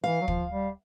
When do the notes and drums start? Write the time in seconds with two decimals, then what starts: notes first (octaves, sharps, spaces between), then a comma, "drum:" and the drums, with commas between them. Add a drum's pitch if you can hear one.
0.04 E3 F5
0.21 F#3
0.28 F3, drum: kick
0.52 G3